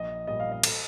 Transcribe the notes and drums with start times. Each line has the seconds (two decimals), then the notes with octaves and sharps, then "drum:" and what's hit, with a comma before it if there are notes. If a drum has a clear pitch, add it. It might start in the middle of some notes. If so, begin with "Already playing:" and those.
Already playing: A#1 D#5
0.27 A#2 G3 D#5
0.40 F5
0.52 D#5
0.63 drum: cymbal